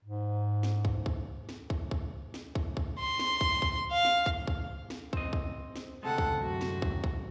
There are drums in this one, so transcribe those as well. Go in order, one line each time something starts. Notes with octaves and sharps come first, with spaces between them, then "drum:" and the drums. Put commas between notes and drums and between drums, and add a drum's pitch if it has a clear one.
G#2
drum: snare
drum: kick
drum: kick
drum: snare
drum: kick
drum: kick
drum: snare
drum: kick
drum: kick
C6
drum: snare
drum: kick
drum: kick
F5
drum: snare
drum: kick
drum: kick
drum: snare
C4 D#5, drum: kick
drum: kick
drum: snare
D2 C3 G#3 A4 F#5
drum: kick
F#2 F#4
drum: snare
drum: kick
drum: kick